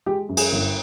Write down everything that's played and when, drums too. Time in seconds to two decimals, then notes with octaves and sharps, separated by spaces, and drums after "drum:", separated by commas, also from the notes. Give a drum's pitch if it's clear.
0.06 G#3 G4
0.29 F#2
0.37 G#4, drum: cymbal
0.52 G1